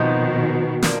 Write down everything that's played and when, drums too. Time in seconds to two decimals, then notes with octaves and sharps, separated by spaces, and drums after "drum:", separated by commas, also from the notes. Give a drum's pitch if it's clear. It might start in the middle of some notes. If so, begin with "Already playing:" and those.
Already playing: F2 B2 D#3 F3 B3 D#4
0.82 F3 A#3 D4, drum: snare